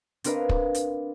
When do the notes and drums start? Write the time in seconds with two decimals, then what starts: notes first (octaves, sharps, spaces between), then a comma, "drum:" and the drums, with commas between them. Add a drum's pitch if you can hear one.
0.24 C4 D4 A#4 B4 D#5 F5, drum: hi-hat
0.49 drum: kick
0.75 drum: hi-hat